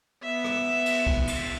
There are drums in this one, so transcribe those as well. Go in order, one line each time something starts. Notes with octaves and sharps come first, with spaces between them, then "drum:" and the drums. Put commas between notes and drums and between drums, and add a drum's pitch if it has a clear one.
B3 E5
drum: rim click
drum: cymbal
drum: kick
drum: cymbal